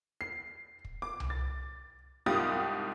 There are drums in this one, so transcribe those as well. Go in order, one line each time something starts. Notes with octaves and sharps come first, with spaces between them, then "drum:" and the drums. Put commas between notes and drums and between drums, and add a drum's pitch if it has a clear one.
C7
drum: kick
D6
drum: tom C2
A6
C2 G#2 F4 G4 D#6 A6